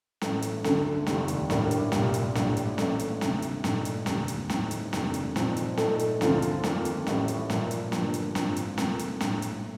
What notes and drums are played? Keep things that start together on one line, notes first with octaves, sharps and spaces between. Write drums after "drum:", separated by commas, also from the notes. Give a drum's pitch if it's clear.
A1 A2 A3, drum: snare
drum: hi-hat
D2 D3 A3, drum: snare
F1 D#2 D#3, drum: snare
drum: hi-hat
A#1 A2 G3 A#3 D4, drum: snare
drum: hi-hat
C2 A#2 G3, drum: snare
drum: hi-hat
A#1 A2 G3, drum: snare
drum: hi-hat
A1 A2 A3, drum: snare
drum: hi-hat
D2 C3 D#3, drum: snare
drum: hi-hat
A#1 A#2 A3 D#4, drum: snare
drum: hi-hat
F1 D#2 D3, drum: snare
drum: hi-hat
A2 A3 C4 D#4, drum: snare
drum: hi-hat
F1 F2 D#3 A#3 D4, drum: snare
drum: hi-hat
A#2 F3 C4 D#4, drum: snare
drum: hi-hat
A#2 A3 D#4 A4, drum: snare
drum: hi-hat
D2 D3 F3 C4 F4, drum: snare
drum: hi-hat
F2 D#3 A#3 F4, drum: snare
drum: hi-hat
A1 A2 G3, drum: snare
drum: hi-hat
A#2 F3 A#3, drum: snare
drum: hi-hat
G1 G2 F3 A#3, drum: snare
drum: hi-hat
A#1 A2 G3 C4 F4, drum: snare
drum: hi-hat
F2 C3 F3 A#3, drum: snare
drum: hi-hat
A#1 A2 G3, drum: snare
drum: hi-hat